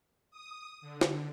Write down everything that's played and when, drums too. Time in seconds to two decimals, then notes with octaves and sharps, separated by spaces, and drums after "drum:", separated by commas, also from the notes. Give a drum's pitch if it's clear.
0.31 D#6
0.81 D3
1.01 drum: snare